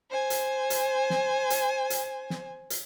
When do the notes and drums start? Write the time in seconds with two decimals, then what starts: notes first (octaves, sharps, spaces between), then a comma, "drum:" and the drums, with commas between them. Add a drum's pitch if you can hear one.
0.10 C5 G#5
0.30 drum: hi-hat
0.70 drum: hi-hat
1.10 drum: snare
1.50 drum: hi-hat
1.90 drum: hi-hat
2.30 drum: snare
2.70 drum: hi-hat